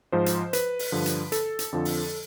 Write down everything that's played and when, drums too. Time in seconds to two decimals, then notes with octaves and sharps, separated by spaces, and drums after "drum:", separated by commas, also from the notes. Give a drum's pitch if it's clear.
0.12 G#2 F3 C5
0.26 drum: hi-hat
0.53 B4, drum: hi-hat
0.79 drum: open hi-hat
0.92 G2 D3 F3
1.06 drum: hi-hat
1.32 A4, drum: hi-hat
1.59 drum: hi-hat
1.73 F2 D3 F3
1.85 drum: open hi-hat